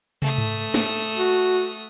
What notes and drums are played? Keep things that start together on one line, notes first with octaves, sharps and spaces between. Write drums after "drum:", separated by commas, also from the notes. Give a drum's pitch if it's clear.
A3 D#6, drum: tom
drum: tom G#2
drum: snare
F#4